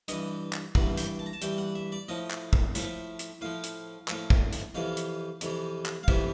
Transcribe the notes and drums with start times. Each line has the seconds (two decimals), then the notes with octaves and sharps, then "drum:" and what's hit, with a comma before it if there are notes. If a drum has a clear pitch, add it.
0.08 G2 E3 D#5, drum: hi-hat
0.53 drum: clap
0.75 G2 E3 F#5, drum: kick
0.98 G5, drum: hi-hat
1.19 A5
1.26 A#5
1.33 A5
1.42 G2 E3 G5, drum: hi-hat
1.58 F#5
1.75 E5
1.92 D5
2.08 A2 F3 D#5
2.31 drum: clap
2.53 drum: kick
2.75 A2 F3 E5, drum: hi-hat
3.19 drum: hi-hat
3.41 A2 F3 F5
3.64 drum: hi-hat
4.08 A2 F3, drum: clap
4.30 drum: kick
4.53 drum: hi-hat
4.75 F2 C3 E3 F5
4.97 drum: hi-hat
5.41 F2 C3 E3, drum: hi-hat
5.86 drum: clap
6.03 F5
6.08 F2 C3 E3 E5, drum: kick